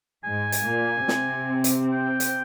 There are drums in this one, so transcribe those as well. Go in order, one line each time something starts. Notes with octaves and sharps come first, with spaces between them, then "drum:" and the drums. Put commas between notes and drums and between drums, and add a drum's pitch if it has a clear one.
G#2 G#3 G#5
drum: hi-hat
A#2 A#3
C3 C4, drum: snare
drum: hi-hat
G5
drum: hi-hat